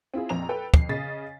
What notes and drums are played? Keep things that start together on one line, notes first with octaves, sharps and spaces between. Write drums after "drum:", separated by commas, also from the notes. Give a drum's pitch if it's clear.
C4 E4 F4 G#4
A#1 F2 C4 A#5 F7
A4 B4 G5
F2 C7, drum: kick
C#3 D#5 A6 B6